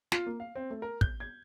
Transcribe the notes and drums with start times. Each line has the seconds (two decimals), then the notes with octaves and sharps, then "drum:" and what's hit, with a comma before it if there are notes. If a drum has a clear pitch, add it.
0.12 F4, drum: snare
0.26 A#3
0.40 F5
0.55 C4
0.70 A3
0.82 A#4
1.01 G6, drum: kick
1.20 G#6